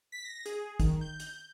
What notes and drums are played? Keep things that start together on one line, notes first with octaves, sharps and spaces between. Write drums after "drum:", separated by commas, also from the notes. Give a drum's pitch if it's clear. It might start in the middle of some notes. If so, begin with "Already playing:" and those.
B6
A#6
G#4, drum: hi-hat
D#3, drum: kick, hi-hat
G6
drum: hi-hat